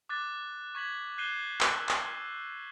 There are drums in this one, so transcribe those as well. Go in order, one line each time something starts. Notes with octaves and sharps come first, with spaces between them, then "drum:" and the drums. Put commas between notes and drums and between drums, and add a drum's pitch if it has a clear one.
D6 F#6 A6
C#6 G#6 B6 F#7
F#6 G6 C7 D#7 E7 G7
C#6 E6, drum: clap
drum: clap